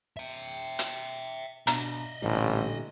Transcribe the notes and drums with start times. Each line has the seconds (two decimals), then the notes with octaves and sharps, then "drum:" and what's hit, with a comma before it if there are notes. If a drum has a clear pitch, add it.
0.17 E5 G5
0.79 drum: hi-hat
1.67 B2 D4 D5 D#5 A#5, drum: hi-hat
2.22 A1 A#2 D3 G3